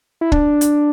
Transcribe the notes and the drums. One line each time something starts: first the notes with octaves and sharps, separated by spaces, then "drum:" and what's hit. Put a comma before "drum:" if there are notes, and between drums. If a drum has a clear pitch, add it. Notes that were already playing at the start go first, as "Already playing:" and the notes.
E4
D4, drum: kick
drum: hi-hat